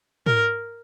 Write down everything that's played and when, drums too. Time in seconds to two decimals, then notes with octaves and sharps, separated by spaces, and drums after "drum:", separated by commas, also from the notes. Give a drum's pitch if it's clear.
0.27 A#4, drum: tom